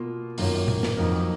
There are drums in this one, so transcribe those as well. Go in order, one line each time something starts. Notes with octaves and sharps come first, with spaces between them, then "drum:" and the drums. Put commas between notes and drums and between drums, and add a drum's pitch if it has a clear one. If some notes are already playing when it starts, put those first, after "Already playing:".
Already playing: B2 A#3 F4
F#2 D#3 A#3 F4 A#4, drum: open hi-hat
drum: tom
drum: snare
F2 F#3 A#3 D#4 A#4